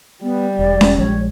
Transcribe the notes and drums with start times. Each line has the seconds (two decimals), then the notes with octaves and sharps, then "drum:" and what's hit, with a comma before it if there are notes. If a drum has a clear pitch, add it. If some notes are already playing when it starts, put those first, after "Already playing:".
0.23 G3 B3
0.59 E1 D5
0.81 drum: snare C#4
0.98 A#1 F3 G#3 C#5